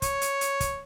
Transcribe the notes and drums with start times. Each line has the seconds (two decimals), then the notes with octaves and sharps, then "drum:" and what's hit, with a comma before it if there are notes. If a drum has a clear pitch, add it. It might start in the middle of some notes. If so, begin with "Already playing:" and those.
0.02 C#5, drum: kick, hi-hat
0.21 drum: hi-hat
0.41 drum: hi-hat
0.60 drum: kick, hi-hat